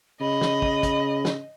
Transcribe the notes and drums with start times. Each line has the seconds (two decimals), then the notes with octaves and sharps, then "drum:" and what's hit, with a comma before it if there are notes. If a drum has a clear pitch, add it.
0.21 C#3 D#5 B5
0.41 drum: snare
0.62 drum: kick
0.83 drum: kick, hi-hat
1.25 drum: snare